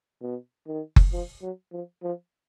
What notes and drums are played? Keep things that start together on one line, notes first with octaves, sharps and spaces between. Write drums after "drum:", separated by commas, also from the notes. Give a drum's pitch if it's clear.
B2
D#3
drum: kick F#1
F3
F#3
F3
F3